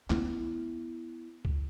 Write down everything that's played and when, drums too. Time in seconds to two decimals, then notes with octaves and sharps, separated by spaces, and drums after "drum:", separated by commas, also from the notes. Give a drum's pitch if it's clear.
0.10 B3 E4, drum: clap
1.45 drum: kick C#2